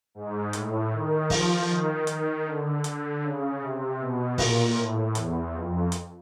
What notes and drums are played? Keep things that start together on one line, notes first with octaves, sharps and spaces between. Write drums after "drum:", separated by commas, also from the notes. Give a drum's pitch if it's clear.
G#2
A2, drum: hi-hat
D#3
F3, drum: kick, open hi-hat
D#3
D#3, drum: hi-hat
D3
D3, drum: hi-hat
C#3
C3
B2
A#2, drum: kick, open hi-hat
A2
E2, drum: hi-hat
F2
drum: hi-hat